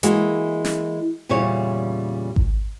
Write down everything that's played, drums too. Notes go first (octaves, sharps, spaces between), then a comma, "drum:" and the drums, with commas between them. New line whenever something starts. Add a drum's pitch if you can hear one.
E3 G#3 A#3 F#4, drum: hi-hat
drum: snare
E2 A#2 C#3 G3 C#5
drum: kick G#1